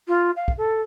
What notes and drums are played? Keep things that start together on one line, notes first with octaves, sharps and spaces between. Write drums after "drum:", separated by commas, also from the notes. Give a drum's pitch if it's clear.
F4
F5
drum: kick
A4